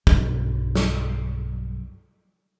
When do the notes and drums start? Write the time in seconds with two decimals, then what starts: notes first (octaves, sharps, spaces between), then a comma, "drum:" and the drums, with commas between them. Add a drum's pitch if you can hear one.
0.07 B1 G2, drum: kick
0.75 drum: snare